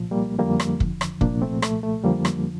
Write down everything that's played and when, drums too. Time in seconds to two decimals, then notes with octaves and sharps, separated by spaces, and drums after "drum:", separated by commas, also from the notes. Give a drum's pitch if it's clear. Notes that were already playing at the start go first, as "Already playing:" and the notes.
Already playing: C2 A#2 F3
0.11 G3 A#3
0.39 F2 D3 F3 G3 A#3
0.60 drum: rim click
0.80 drum: kick
1.01 drum: rim click
1.21 C2 A#2 F3 A#3 D4, drum: kick
1.42 A3 C4
1.62 A3, drum: rim click
1.83 A3
2.04 F2 D3 F3 G3 A#3
2.25 drum: rim click